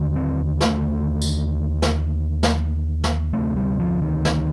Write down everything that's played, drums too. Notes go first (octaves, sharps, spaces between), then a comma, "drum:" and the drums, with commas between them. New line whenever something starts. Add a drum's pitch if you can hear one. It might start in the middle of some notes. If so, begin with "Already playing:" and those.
Already playing: D#2 D3
C4
A3, drum: snare
drum: tambourine
drum: snare
drum: snare
drum: snare
D2 C3 A3
G3
F3
D#3
drum: snare